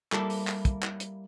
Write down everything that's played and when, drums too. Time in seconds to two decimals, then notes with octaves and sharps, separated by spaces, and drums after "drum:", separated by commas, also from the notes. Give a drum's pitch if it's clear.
0.12 G3 A#3 E4 A4, drum: clap
0.30 drum: open hi-hat
0.48 drum: clap
0.65 drum: kick, hi-hat
0.83 drum: clap
1.00 drum: hi-hat